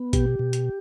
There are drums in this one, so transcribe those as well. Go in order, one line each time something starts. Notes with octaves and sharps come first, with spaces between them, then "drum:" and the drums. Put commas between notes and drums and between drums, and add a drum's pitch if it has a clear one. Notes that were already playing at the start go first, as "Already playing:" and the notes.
Already playing: B3
B2 G4, drum: kick A1, hi-hat
B2
drum: hi-hat